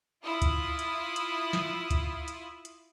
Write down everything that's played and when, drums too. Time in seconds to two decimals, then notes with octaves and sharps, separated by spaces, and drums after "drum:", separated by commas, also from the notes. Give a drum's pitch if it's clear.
0.23 E4 F4 D#6
0.42 drum: kick, hi-hat
0.79 drum: hi-hat
1.16 drum: hi-hat
1.53 drum: snare
1.91 drum: kick, hi-hat
2.28 drum: hi-hat
2.65 drum: hi-hat